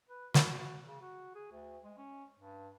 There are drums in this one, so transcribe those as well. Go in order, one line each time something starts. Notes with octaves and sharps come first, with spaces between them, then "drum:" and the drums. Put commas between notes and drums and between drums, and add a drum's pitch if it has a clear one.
B4
F#4, drum: snare
C#3
F#4
G#4
D2
G#3
C#4
G2